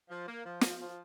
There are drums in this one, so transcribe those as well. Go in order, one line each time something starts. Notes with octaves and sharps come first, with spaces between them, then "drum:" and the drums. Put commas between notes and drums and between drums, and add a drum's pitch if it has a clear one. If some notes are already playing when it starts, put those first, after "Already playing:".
F3
A#3
F3
F3, drum: snare
F3